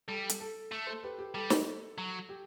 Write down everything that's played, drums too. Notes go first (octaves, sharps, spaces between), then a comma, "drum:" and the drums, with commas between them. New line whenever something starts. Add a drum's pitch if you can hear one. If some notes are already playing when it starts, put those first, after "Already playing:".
G3 A4
drum: hi-hat
A4
A3
A4 C5
G4 B4
G4
G3 A4
drum: snare
F#3
G4